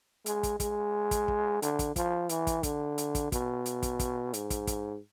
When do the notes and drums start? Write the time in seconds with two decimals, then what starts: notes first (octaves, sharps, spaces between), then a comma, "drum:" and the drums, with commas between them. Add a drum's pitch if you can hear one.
0.26 G#3, drum: hi-hat
0.43 drum: kick, hi-hat
0.60 G#3, drum: kick, hi-hat
1.11 drum: kick, hi-hat
1.28 drum: kick
1.62 D3, drum: hi-hat
1.79 drum: kick, hi-hat
1.96 F3, drum: kick, hi-hat
2.29 E3, drum: hi-hat
2.47 drum: kick, hi-hat
2.63 D3, drum: kick, hi-hat
2.98 drum: hi-hat
3.15 drum: kick, hi-hat
3.32 B2, drum: kick, hi-hat
3.66 drum: hi-hat
3.83 drum: kick, hi-hat
3.99 drum: kick, hi-hat
4.33 G#2, drum: hi-hat
4.50 drum: kick, hi-hat
4.67 drum: kick, hi-hat